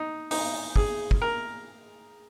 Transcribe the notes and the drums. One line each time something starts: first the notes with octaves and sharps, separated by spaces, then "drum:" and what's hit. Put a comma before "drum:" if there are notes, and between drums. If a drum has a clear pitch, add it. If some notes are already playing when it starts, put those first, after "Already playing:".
Already playing: D#4
D#4, drum: open hi-hat
G#4, drum: kick
drum: kick
A#4